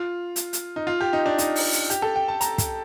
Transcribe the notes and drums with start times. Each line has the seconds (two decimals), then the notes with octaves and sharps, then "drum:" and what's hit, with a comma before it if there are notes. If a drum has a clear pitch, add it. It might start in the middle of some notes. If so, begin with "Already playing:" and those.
Already playing: F4
0.36 drum: hi-hat
0.53 drum: hi-hat
0.76 D#4
0.87 F4
1.01 G4
1.13 D#4
1.26 D4
1.38 D#4, drum: hi-hat
1.56 drum: open hi-hat
1.73 drum: hi-hat
1.90 G4, drum: hi-hat
2.02 A4
2.16 G5
2.28 A5
2.41 A#5, drum: hi-hat
2.58 drum: kick, hi-hat